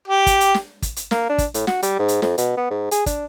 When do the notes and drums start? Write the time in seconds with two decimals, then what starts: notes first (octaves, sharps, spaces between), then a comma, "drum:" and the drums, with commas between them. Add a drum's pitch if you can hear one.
0.07 G4
0.26 drum: kick, hi-hat
0.40 drum: hi-hat
0.54 drum: snare
0.82 drum: kick, hi-hat
0.96 drum: hi-hat
1.11 A#3, drum: snare
1.29 D4
1.38 drum: kick, hi-hat
1.54 A2, drum: hi-hat
1.67 F#4, drum: snare
1.82 G3, drum: hi-hat
1.99 G#2
2.08 drum: hi-hat
2.22 F2, drum: snare
2.38 B2, drum: hi-hat
2.57 B3
2.70 G#2
2.91 G#4, drum: hi-hat
3.06 D4, drum: kick, hi-hat